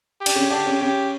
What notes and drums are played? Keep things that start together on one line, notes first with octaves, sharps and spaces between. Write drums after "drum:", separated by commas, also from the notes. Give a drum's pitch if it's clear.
G4
D4, drum: cymbal
C#3 C#4
D3 D4 G4
C#3 C#4
C#3 C#4 G4